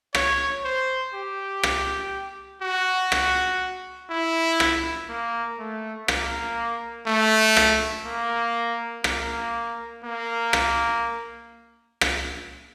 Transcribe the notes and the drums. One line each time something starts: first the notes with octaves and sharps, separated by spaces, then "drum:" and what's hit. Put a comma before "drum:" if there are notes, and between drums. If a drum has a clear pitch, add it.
C#5, drum: rim click
C5
G4
drum: rim click
F#4
drum: rim click
E4
drum: rim click
A#3
A3
A#3, drum: rim click
A3
drum: rim click
A#3
A#3, drum: rim click
A#3
drum: rim click
drum: rim click